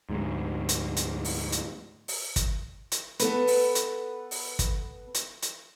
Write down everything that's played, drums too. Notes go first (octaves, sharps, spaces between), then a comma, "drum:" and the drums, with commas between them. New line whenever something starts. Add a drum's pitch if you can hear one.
D2 G#2
drum: hi-hat
drum: hi-hat
drum: open hi-hat
drum: hi-hat
drum: open hi-hat
drum: kick, hi-hat
drum: hi-hat
B3 A4 B4, drum: hi-hat
drum: open hi-hat
drum: hi-hat
drum: open hi-hat
drum: kick, hi-hat
drum: hi-hat
drum: hi-hat